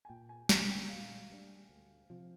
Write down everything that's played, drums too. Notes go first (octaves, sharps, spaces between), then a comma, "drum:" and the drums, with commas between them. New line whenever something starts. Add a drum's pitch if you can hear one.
G#5
A#2 G5
G#5
G3 A#3 D4 G#5, drum: snare
G5
A#2 F5
G3 A#3 D4
D2
C3 F3